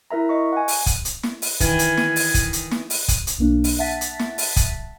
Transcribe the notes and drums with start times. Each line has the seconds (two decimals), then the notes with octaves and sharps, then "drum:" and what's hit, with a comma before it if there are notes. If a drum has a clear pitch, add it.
0.11 E4 A#4 E5 A#5
0.29 D#5 C#6
0.52 F#5 G#5
0.68 drum: open hi-hat
0.86 drum: kick, hi-hat
1.05 drum: hi-hat
1.23 drum: snare
1.42 drum: open hi-hat
1.60 D#3 E3 G#5, drum: kick, hi-hat
1.79 drum: hi-hat
1.97 drum: snare
2.16 drum: open hi-hat
2.34 drum: kick, hi-hat
2.53 drum: hi-hat
2.71 drum: snare
2.90 drum: open hi-hat
3.08 drum: kick, hi-hat
3.27 drum: hi-hat
3.38 B1 A#3 D4
3.64 drum: open hi-hat
3.79 E5 F#5 A5 A6 B6
4.01 drum: hi-hat
4.19 drum: snare
4.38 drum: open hi-hat
4.56 drum: kick, hi-hat